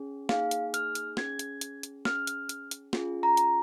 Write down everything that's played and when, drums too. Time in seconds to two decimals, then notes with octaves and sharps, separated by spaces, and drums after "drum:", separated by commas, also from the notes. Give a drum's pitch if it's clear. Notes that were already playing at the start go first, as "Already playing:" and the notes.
Already playing: C#4 G#4
0.29 A#3 D#4 G#4 F5, drum: snare
0.51 drum: hi-hat
0.74 F6, drum: hi-hat
0.95 drum: hi-hat
1.17 C#4 G#4 G#6, drum: snare
1.39 drum: hi-hat
1.61 drum: hi-hat
1.83 drum: hi-hat
2.05 C#4 G#4 F6, drum: snare
2.27 drum: hi-hat
2.49 drum: hi-hat
2.71 drum: hi-hat
2.93 C#4 F4 G#4, drum: snare
3.23 A#5
3.37 drum: hi-hat